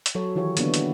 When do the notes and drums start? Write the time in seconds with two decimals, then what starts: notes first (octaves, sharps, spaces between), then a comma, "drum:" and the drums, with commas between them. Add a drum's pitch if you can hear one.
0.06 drum: hi-hat
0.15 F#3 A4 C#5
0.35 D#3 E3 F4 G4 C#5
0.57 D3 A#3 B3 D4 E4, drum: hi-hat
0.74 drum: hi-hat